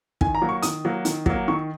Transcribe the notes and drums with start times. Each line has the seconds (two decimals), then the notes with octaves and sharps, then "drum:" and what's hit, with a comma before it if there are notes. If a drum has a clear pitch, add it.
0.21 D#3 G#5, drum: kick
0.35 A#5
0.42 F#3 A#3
0.49 C#6
0.62 D#3 D#6, drum: hi-hat
0.85 F#3 A#3
1.05 D#3, drum: hi-hat
1.26 F#3 A#3, drum: kick
1.48 D#3 C#6